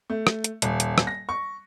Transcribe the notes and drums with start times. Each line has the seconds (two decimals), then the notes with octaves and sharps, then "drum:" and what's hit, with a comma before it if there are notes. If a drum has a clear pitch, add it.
0.10 A3
0.27 drum: rim click
0.44 drum: hi-hat
0.62 D#1, drum: hi-hat
0.80 drum: hi-hat
0.98 drum: rim click
1.07 A#6
1.29 C#6